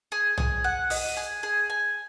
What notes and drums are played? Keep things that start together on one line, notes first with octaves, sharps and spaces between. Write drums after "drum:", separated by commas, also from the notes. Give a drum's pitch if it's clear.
G#4
G#4, drum: tom B1
F#5
D#5, drum: open hi-hat
G#4
G#4
G#5